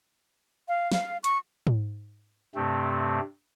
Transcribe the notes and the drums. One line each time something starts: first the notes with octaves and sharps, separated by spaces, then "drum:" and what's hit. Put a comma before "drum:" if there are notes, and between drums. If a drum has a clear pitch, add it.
F5
F5, drum: snare
C#6, drum: hi-hat
drum: tom G#2
G2 C3 A3 C4